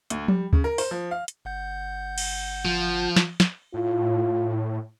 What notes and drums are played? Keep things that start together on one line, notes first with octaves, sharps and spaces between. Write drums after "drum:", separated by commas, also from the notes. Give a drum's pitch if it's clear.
D2, drum: hi-hat
G3, drum: tom F3
C#3, drum: kick
A#4
C5, drum: open hi-hat
F3
F5
drum: hi-hat
G1 F#5 G6
drum: cymbal
F3
drum: snare
drum: snare
A2 F4